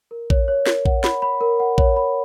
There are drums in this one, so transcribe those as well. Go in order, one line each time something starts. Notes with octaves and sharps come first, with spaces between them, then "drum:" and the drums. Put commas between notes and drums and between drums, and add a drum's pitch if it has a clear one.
A#4
C#5, drum: kick A#1
C#5
A#4, drum: snare
F#5, drum: kick A#1
B5, drum: snare
B5
A#4
F#5
C#5, drum: kick A#1
B5